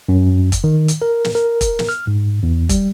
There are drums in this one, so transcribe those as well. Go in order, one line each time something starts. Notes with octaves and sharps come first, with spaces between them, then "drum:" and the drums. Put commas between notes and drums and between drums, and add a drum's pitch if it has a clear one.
F#2
drum: kick E1, hi-hat
D#3
drum: hi-hat
A#4
drum: snare
A#4
drum: kick E1, hi-hat
drum: snare
F6
G#2
E2
G3, drum: kick E1, hi-hat